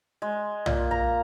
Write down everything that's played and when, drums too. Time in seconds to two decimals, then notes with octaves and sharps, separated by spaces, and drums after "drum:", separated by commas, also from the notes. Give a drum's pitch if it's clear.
0.22 G#3
0.66 A#2, drum: tom
0.91 A#5